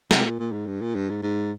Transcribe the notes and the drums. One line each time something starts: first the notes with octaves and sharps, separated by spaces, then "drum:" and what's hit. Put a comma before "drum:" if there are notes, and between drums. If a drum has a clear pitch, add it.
C3, drum: snare
A#2
A#2
G#2
G2
A#2
G2
G#2
G#2